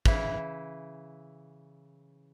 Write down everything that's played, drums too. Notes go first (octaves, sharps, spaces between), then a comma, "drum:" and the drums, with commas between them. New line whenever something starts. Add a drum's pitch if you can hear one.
C#3 E3 E4, drum: kick